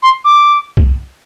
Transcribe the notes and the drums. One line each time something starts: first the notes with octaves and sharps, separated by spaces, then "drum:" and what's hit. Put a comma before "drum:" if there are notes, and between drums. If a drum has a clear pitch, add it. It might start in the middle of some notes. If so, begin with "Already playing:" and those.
C6
D6
drum: kick B1